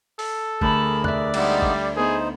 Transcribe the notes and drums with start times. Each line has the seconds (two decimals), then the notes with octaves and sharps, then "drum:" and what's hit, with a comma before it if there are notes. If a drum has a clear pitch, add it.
0.19 A4, drum: open hi-hat
0.61 D2 G#4 A#4 A5 B5, drum: kick
1.04 D5 E5 F#6, drum: tom
1.34 G3 G#3 B3 D#4, drum: cymbal
1.62 drum: kick
1.96 B3 D#4 G#4 C5